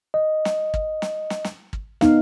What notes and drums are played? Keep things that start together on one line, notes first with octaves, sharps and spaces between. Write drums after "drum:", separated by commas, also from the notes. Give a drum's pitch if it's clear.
D#5
drum: snare
drum: kick
drum: snare
drum: snare
drum: snare
drum: kick
B3 D#4 F5, drum: snare